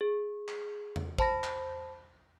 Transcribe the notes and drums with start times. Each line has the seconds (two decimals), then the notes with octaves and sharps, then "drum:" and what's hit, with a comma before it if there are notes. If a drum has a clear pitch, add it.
0.01 G#4
0.48 drum: clap
0.96 drum: tom E2
1.18 C5 A5 B5 A#6, drum: kick
1.43 drum: clap